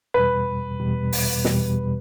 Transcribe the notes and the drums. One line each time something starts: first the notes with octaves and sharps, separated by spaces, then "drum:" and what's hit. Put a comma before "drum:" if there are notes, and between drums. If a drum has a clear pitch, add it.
E2 B2 G3 B4
E2 B2 G3
drum: open hi-hat
E2 B2 G3, drum: snare